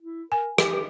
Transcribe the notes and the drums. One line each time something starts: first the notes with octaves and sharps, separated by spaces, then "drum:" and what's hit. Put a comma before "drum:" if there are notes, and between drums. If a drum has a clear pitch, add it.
E4
A#4 G#5
G4, drum: rim click